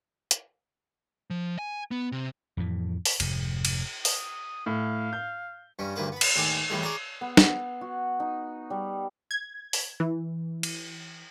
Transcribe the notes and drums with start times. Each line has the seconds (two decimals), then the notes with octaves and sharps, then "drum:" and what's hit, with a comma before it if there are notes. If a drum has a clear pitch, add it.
0.31 drum: hi-hat
1.30 F3
1.59 G#5
1.91 B3
2.12 C3
2.57 F2 A2 E3
3.05 drum: open hi-hat
3.20 F1 F2 G#2 C3, drum: cymbal
3.65 drum: cymbal
4.05 D#6, drum: open hi-hat
4.66 A2 F5
5.13 G6
5.79 G2 G3 C#4
5.96 D2 G2 A#3 B4 C5
6.12 B3 B5
6.21 drum: cymbal
6.36 D#2 A2 G#5 D6
6.70 E2 A2 G3 G#3
6.83 G#4 C#5 D5 A#5
7.21 B3
7.37 drum: snare
7.81 F#4
8.20 D#4
8.70 G3
9.31 G#6
9.73 drum: open hi-hat
10.00 E3
10.63 drum: cymbal